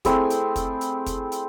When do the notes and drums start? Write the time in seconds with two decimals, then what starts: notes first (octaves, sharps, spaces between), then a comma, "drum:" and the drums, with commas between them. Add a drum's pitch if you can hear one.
0.05 A3 C4 E4 G#4, drum: kick, hi-hat
0.30 drum: hi-hat
0.56 drum: kick, hi-hat
0.81 drum: hi-hat
1.07 drum: kick, hi-hat
1.32 drum: hi-hat